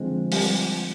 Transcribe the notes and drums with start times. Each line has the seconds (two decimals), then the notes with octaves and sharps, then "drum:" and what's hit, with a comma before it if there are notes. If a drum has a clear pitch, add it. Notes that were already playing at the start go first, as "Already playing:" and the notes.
Already playing: D3 F3 G#3 C4
0.32 G3, drum: open hi-hat